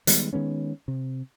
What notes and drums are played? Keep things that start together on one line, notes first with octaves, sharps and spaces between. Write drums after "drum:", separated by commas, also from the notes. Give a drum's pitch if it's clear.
D#3 G3 G#3 B3, drum: hi-hat
D#3 G#3 B3 C#4
C3